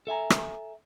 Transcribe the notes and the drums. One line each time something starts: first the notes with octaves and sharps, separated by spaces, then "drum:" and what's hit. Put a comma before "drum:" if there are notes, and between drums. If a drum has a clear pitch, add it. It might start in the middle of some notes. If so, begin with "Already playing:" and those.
A4 E5 G#5 A#5
drum: rim click